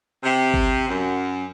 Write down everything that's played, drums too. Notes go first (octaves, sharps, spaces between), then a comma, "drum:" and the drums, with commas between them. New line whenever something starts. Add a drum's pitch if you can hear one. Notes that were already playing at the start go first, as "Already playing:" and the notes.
C3
drum: kick G1
F#2